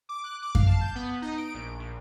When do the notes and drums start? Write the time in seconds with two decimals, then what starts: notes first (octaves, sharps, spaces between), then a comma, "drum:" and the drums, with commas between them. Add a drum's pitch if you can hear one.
0.09 D6
0.24 F#6
0.42 D6
0.55 F5, drum: kick F#2
0.67 A5
0.81 G6
0.95 B3
1.22 D#4
1.38 D7
1.54 A#1
1.79 A#1